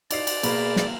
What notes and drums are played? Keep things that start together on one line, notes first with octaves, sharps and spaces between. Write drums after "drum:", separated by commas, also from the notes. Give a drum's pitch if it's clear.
D#4 D5 C7, drum: cymbal
drum: cymbal
B2 A#3 G#4 B5, drum: cymbal
drum: snare